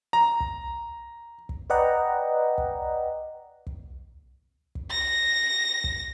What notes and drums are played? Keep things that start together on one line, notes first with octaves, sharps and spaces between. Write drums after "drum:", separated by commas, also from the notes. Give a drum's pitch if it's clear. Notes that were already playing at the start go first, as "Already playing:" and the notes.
A#5
drum: kick
drum: kick
B4 D5 D#5 F#5 G5 A#5
drum: kick
drum: kick
drum: kick
A#6
drum: kick